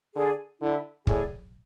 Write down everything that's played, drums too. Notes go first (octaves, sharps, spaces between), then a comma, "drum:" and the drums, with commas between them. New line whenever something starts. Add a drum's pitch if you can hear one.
D3 G#4 D5 G#5
D3 E4
A2 G#4 D5 G#5, drum: kick